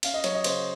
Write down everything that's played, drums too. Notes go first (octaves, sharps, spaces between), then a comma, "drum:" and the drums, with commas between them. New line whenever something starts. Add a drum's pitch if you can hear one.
C#4 F5, drum: cymbal
D#5
F#3 C#5, drum: cymbal
D#5
C#3 C5, drum: cymbal